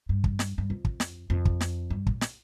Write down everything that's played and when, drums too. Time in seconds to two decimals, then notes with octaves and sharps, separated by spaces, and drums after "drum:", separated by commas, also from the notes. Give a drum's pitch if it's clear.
0.09 G2
0.24 drum: kick
0.39 drum: snare
0.58 G2
0.70 F2
0.85 drum: kick
1.00 drum: snare
1.30 F2
1.45 drum: kick
1.61 drum: snare
1.90 G2
2.07 A#2, drum: kick
2.21 drum: snare